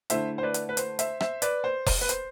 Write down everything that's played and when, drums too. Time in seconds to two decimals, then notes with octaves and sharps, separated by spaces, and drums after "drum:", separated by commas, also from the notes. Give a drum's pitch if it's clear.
0.10 D3 A3 E4 C5 E5, drum: hi-hat
0.38 C5
0.43 B4 D5
0.54 drum: hi-hat
0.69 B4
0.77 C5, drum: hi-hat
0.99 C5 E5, drum: hi-hat
1.20 C5 E5, drum: rim click
1.42 B4 D5, drum: hi-hat
1.64 C5
1.86 drum: kick F1, open hi-hat
2.01 B4
2.09 C5, drum: hi-hat